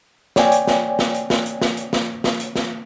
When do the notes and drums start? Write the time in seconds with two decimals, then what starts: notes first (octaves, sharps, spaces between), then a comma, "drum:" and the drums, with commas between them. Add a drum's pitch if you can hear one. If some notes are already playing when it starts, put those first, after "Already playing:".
0.36 C#5 D5 G5 G#5, drum: snare
0.52 drum: hi-hat
0.67 drum: snare
0.99 drum: snare
1.14 drum: hi-hat
1.30 drum: snare
1.46 drum: hi-hat
1.61 drum: snare
1.77 drum: hi-hat
1.93 drum: snare
2.24 drum: snare
2.40 drum: hi-hat
2.56 drum: snare